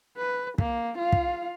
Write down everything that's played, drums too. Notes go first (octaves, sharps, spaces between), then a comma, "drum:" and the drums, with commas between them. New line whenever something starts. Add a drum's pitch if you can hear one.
B4
A#3, drum: kick
F4 F5
drum: kick